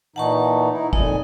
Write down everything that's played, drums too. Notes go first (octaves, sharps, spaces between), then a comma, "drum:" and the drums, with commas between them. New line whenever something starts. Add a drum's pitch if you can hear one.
A#2 E3 D#4 F#5 A5 C#6
D#4 E4
F2 A#2 D#4 G#5, drum: kick